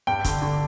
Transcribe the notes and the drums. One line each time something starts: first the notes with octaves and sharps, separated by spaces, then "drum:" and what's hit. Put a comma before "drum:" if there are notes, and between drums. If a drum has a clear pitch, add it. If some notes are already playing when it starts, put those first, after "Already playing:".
G2 G5
D3, drum: kick, hi-hat
D3